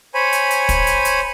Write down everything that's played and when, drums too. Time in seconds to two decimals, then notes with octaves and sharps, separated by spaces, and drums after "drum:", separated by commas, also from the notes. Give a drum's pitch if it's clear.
0.14 C5 C#5 G#5 B5
0.32 drum: hi-hat
0.51 drum: hi-hat
0.69 drum: kick, hi-hat
0.87 drum: hi-hat
1.05 drum: hi-hat